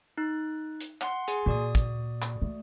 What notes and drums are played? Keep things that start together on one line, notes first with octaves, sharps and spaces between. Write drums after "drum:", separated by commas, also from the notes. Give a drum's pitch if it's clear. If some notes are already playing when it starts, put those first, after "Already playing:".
D#4 F#6
drum: hi-hat
F#5 C6, drum: clap
G#4 G#5 C6, drum: hi-hat
A#2 F#4 D5 D#6
drum: kick, hi-hat
drum: clap
A3